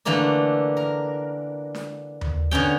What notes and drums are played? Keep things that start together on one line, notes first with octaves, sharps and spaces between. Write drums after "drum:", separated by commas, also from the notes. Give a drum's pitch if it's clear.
D3 E3 A3 A#3 D4
A#4
drum: snare D4
drum: tom D#2
D3 B3 C#4 G5